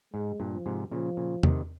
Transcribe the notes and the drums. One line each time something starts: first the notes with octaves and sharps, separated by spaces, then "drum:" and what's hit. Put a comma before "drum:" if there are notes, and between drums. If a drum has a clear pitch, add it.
G#2 G#3
G2 A#2
F3
G#2 C3
A#2 C#3 F3
A#2 C#3
C3 D#3, drum: tom E2